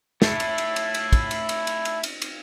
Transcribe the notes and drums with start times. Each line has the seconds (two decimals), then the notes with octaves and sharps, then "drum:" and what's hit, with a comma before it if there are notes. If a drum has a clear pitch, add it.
0.22 A3 E4, drum: snare
0.40 drum: cymbal
0.58 drum: cymbal
0.76 drum: cymbal
0.94 drum: cymbal
1.13 drum: kick, cymbal
1.31 drum: cymbal
1.49 drum: cymbal
1.67 drum: cymbal
1.85 drum: cymbal
2.03 drum: cymbal
2.22 drum: cymbal